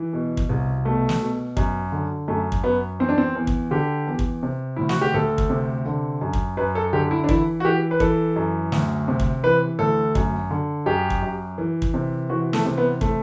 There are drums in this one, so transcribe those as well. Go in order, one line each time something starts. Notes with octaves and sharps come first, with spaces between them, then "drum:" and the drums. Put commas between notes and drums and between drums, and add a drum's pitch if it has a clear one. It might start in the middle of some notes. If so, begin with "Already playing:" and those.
Already playing: E3
B2
drum: kick
C2
B2 A3
drum: snare
B2
F#2, drum: kick
D3
F#2 A3
drum: kick
F#2 B3
E2 C4
D4
C4
E2
drum: kick
D3 G4
E2
drum: kick
C3
D2 E4
F#4, drum: snare
G4
D2 A4
drum: kick
C3
D3
F#2
drum: kick
F#2 B4
A4
D3 G4
E4
D4
E3 E4, drum: kick
F#4
E3 G4
B4
E3 A4, drum: kick
F#2
D2, drum: snare
C3
drum: kick
E3 B4
D2 A4
F#2, drum: kick
D3
F#2 G4
drum: kick
F#2
E3
drum: kick
C3
E3 F#4
A3, drum: snare
C3
B3
A3, drum: kick